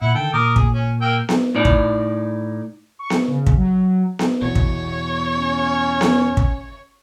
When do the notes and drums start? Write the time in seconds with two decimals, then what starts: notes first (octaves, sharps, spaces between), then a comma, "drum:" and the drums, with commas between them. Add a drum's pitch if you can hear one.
0.02 A#2 E4 F#5
0.15 D3 D#3 A4 G5
0.33 A#2 A#4 D6 D#6
0.56 G#4, drum: kick
0.73 C#4
1.01 A#3 G5 E6
1.29 drum: snare B3
1.55 A2 D#4 D5
1.65 drum: kick
2.99 C#6
3.10 drum: snare B3
3.28 C#3
3.47 drum: kick
3.57 F#3
4.19 drum: snare B3
4.42 E2 B2 C#5
4.55 drum: kick
5.37 C#4
6.01 drum: snare B3
6.37 drum: kick